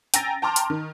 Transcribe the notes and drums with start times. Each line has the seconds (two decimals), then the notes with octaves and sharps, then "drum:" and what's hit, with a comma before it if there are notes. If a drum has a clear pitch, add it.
0.14 G5 G#5 A#5 E6 A6 A#6, drum: hi-hat
0.42 G5 A5 A#5 C6 D6 F6
0.56 drum: hi-hat
0.70 D#3